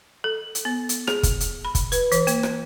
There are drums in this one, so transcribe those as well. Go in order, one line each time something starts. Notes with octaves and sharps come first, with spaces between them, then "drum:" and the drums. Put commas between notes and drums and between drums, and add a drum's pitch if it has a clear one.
A4
drum: hi-hat
B3
drum: hi-hat
G#4, drum: rim click
drum: kick, hi-hat
drum: hi-hat
B5
drum: kick, hi-hat
B4, drum: hi-hat
E3, drum: hi-hat
A#3, drum: hi-hat
drum: rim click